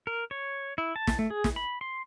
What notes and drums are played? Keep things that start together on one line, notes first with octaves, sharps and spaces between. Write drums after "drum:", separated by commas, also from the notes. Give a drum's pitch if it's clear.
A#4
C#5
E4
A5
drum: snare
A3
G#4
drum: snare
B5
C6